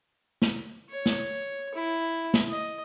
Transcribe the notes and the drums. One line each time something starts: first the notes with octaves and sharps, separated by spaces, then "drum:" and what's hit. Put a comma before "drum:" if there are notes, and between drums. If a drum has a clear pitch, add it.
drum: snare
C#5
drum: snare
E4
drum: snare
D#5